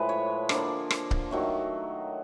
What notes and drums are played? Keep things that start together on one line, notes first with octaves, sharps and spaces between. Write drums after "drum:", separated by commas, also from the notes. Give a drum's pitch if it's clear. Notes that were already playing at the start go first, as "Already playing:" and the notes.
Already playing: A2 F3 G#3 B4
C#5
D3 F3 A#3 D5, drum: rim click
drum: rim click
drum: kick C#1
D#3 F#3 A3